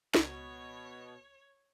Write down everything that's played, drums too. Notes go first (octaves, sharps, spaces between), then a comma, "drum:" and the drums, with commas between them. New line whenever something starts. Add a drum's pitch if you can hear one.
C#2 B2 F#4 C#5, drum: snare